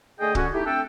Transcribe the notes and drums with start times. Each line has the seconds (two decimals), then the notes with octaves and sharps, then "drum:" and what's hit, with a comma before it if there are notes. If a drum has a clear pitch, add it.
0.20 D3 A3 G#4 D#5 G5 G#5
0.35 D3 C#4 F#4, drum: kick
0.53 A3 D#4 E4 G4
0.65 A3 C4 D4 A4 G5